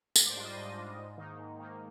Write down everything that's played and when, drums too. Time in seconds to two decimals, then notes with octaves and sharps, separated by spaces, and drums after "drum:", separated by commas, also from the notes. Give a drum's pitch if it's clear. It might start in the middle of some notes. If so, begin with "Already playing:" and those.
0.16 G#2 A#4, drum: tambourine
0.26 D5
0.29 C5
0.36 G3 D4 F4
0.43 C5 D#5
0.56 G#2 C5 D#5
0.77 G3 D4 F4
0.97 G#2
1.17 D#3 A#3 D#4
1.39 G#2
1.59 D#3 A#3 D#4